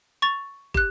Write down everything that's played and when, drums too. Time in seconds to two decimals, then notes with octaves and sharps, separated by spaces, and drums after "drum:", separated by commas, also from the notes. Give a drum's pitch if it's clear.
0.22 C#6 A6 F7
0.74 G4 F#6, drum: kick